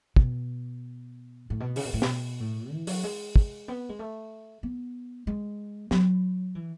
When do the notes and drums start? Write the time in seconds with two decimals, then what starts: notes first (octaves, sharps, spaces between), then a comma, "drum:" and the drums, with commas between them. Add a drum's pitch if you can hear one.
0.16 B2, drum: kick
1.50 A2
1.60 B2
1.76 C#3, drum: open hi-hat
1.85 B2
1.94 A2
2.02 B2, drum: snare
2.40 A2
2.72 E3
2.87 F#3, drum: open hi-hat
3.04 G#3
3.36 drum: kick
3.68 B3
3.89 G#3
3.99 A3
4.63 B3
5.27 G#3
5.91 F#3, drum: snare
6.55 E3